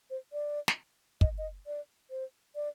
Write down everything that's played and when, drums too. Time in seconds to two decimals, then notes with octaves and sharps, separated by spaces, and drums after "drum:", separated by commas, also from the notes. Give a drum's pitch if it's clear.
0.10 C5
0.33 D5
0.68 drum: snare
1.21 D#5, drum: kick
1.38 D#5
1.67 D5
2.10 C5
2.55 D5